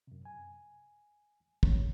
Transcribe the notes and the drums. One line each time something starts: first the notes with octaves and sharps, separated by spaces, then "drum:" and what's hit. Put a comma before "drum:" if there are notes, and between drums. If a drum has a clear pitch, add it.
F#2 C3
G#5
C#4, drum: kick